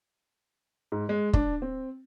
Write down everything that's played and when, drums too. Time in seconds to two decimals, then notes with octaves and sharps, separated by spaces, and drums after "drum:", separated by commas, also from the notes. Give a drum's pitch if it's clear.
0.92 G#2
1.09 G#3
1.33 D4, drum: kick
1.62 C4